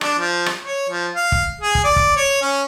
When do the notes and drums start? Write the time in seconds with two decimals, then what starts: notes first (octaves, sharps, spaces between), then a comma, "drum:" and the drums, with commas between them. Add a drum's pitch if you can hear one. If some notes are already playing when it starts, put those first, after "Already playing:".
0.01 D4, drum: rim click
0.19 F3
0.46 drum: rim click
0.64 C#5
0.89 F3
1.16 F5
1.32 drum: kick
1.61 G#4
1.75 drum: kick
1.84 D5
1.96 drum: kick
2.16 C#5
2.41 C#4